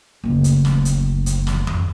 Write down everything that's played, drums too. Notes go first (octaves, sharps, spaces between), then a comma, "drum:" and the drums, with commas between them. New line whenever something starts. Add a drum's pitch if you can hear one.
F#1 D2
drum: hi-hat
drum: snare
drum: hi-hat
drum: hi-hat
drum: snare
drum: tom F2